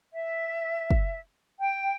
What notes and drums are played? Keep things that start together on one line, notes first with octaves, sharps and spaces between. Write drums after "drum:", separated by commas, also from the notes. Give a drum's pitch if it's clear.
E5
drum: kick
G5